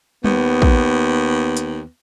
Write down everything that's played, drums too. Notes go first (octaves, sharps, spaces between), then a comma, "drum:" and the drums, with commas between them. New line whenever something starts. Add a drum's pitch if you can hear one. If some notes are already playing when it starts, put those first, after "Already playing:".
D#2 B3, drum: tom G3
drum: kick
drum: hi-hat